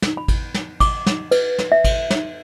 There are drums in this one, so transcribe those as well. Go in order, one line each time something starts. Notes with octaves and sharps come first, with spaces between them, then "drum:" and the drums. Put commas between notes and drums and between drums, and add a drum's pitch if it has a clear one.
drum: snare
B5
drum: kick G#1, cymbal
drum: snare
D6, drum: kick G#1, cymbal
drum: snare
B4, drum: cymbal
drum: snare
E5
drum: kick G#1, cymbal
drum: snare